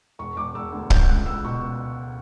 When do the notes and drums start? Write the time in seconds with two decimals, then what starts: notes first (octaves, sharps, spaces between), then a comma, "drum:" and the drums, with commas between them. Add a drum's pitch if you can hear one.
0.19 E1 C#6
0.37 E1 D6
0.54 E1 E6
0.72 D2
0.90 C#2 G6, drum: kick
1.09 C#2 F#6
1.26 C#2 E6
1.44 B2 C#6